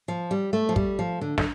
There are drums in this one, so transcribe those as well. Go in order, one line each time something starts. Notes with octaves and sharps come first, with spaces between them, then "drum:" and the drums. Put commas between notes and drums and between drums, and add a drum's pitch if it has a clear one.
F3
G3
A3
F3
G3, drum: kick
F3
D3
D3, drum: snare